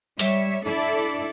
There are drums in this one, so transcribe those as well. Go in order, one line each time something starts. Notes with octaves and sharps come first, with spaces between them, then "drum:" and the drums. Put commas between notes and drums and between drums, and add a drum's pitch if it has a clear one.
G3 C#5 E5, drum: open hi-hat
D4 E4 A4 D5